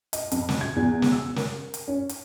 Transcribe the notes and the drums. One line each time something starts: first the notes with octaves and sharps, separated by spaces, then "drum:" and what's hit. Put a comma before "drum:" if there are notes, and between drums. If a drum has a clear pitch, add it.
D#5, drum: hi-hat
F2, drum: hi-hat
drum: snare
G#6
E2
drum: snare
E6
A#4, drum: snare
drum: hi-hat
C#4
drum: hi-hat